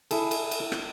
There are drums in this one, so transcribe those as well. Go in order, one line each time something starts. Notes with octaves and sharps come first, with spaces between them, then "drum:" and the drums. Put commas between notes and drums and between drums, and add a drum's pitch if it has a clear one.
E4 G#4 A4, drum: cymbal
drum: cymbal
drum: cymbal
drum: rim click